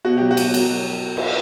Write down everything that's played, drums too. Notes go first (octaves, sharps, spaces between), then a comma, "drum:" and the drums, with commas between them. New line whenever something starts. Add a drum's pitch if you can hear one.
B2 F#4
F#3 G4
F#4
B2, drum: cymbal
F#3, drum: cymbal
drum: cymbal